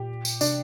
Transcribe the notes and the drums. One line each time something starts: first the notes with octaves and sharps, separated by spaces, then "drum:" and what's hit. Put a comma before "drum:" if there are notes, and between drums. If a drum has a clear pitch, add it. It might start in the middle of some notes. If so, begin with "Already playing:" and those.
Already playing: A#2 G4
drum: tambourine
C3 D4, drum: tambourine